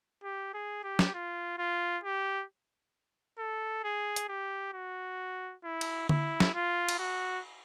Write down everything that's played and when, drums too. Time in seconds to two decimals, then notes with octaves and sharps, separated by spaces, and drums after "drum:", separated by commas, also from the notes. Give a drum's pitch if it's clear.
0.23 G4
0.54 G#4
0.83 G4
0.99 drum: snare
1.14 F4
1.58 F4
2.04 G4
3.38 A4
3.84 G#4
4.16 drum: hi-hat
4.29 G4
4.74 F#4
5.64 E4
5.81 drum: cymbal
6.09 E4, drum: tom D3
6.40 drum: snare
6.54 F4
6.89 drum: cymbal
6.99 F#4